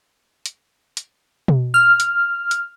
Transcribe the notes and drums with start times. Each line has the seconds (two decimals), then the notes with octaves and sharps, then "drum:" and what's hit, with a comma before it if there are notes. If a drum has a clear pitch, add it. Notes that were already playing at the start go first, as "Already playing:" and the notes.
0.46 drum: hi-hat
0.97 drum: hi-hat
1.48 drum: tom B2
1.74 F6
2.00 drum: hi-hat
2.51 drum: hi-hat